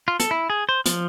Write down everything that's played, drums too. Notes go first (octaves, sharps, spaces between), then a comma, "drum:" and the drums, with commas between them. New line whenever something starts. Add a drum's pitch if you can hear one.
F4
A4, drum: hi-hat
E4
G#4
C5
F3, drum: hi-hat